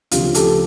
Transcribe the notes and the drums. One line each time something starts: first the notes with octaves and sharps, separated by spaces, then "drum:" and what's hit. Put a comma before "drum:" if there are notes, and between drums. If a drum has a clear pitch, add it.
D2 C#3 F3 F4 G4, drum: hi-hat
G4 A4, drum: hi-hat